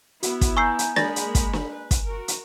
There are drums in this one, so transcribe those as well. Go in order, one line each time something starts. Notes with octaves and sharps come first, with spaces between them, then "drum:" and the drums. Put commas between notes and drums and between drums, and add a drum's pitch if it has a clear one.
B3 E4 F#4, drum: hi-hat
drum: kick, hi-hat
G#5 A#5 C#6 E6 G6 C7
drum: hi-hat
G#3 A#3 D5 B5 A6 A#6, drum: snare
drum: hi-hat
drum: kick, hi-hat
drum: snare
B4
drum: kick, hi-hat
F#4 A#4
drum: hi-hat